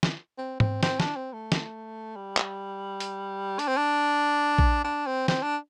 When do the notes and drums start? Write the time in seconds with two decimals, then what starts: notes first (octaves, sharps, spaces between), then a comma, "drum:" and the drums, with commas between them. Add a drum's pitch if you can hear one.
0.03 drum: snare
0.38 C4
0.60 C4, drum: tom G#2
0.83 C4, drum: snare
1.00 D4, drum: snare
1.16 C4
1.33 A3
1.52 drum: snare
2.16 G3
2.37 drum: clap
3.00 drum: hi-hat
3.59 D4, drum: hi-hat
3.68 C4
3.77 D4
4.58 drum: kick A#1
4.84 D4
5.06 C4
5.28 C4, drum: snare
5.43 D4